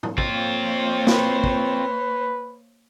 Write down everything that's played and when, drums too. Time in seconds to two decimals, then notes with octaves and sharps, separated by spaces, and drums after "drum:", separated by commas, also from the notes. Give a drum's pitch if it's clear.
0.03 drum: tom G#2
0.18 A#3 C4 F4 C5 C#5, drum: kick
1.07 B4, drum: snare
1.44 drum: kick